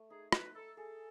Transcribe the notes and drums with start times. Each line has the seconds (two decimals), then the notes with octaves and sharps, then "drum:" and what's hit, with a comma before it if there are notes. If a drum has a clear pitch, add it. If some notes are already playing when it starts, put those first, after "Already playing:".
Already playing: A3
0.10 D#4 G#4
0.32 D#4 B4, drum: rim click
0.55 D#4 A4
0.77 G#4 A4